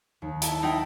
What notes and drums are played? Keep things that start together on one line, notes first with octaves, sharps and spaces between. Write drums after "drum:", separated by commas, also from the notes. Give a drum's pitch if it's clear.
D#2
E4 A5, drum: hi-hat
D#4 E4 G5 A6